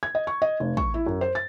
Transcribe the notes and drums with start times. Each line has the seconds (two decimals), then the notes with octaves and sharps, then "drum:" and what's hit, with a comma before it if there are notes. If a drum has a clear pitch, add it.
0.03 G#6
0.15 D#5
0.27 C#6
0.42 D#5
0.60 F1
0.77 C#6, drum: kick
0.94 E4
1.06 F#2
1.21 C5
1.35 A6